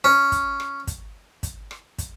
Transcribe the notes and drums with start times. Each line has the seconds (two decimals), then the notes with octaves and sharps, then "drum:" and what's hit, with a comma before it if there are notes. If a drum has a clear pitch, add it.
0.04 C#4
0.32 drum: kick, hi-hat
0.60 drum: rim click
0.87 drum: kick, hi-hat
1.43 drum: kick, hi-hat
1.71 drum: rim click
1.98 drum: kick, hi-hat